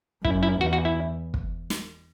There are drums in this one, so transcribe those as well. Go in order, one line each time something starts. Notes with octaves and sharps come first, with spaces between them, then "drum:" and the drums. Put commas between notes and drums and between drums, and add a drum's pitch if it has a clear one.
F#2 E4, drum: kick
E4
E2 F#4
F#4
E4
drum: kick
drum: snare